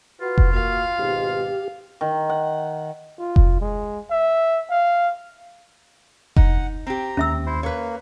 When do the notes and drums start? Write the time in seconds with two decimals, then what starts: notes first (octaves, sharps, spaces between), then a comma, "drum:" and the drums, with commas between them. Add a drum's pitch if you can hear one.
0.21 F4 F#4 B4
0.38 drum: kick F1
0.54 A#3 F#4 F5
0.99 G#1 G#2 B2 G4
2.01 D#3
2.30 F#5
3.19 F4
3.36 drum: kick F1
3.60 G#3
4.11 E5
4.70 F5
6.36 D#4 F#5, drum: kick F1
6.87 C4 G4 A#5
7.17 D#2 C#4 E5 E6
7.46 E4 C5
7.63 A#3 B4 C#5